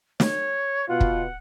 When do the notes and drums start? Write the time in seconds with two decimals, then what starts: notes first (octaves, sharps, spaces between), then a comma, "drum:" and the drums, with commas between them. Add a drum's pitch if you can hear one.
0.20 C#5, drum: snare
0.88 B2 F4 F#5
1.01 drum: kick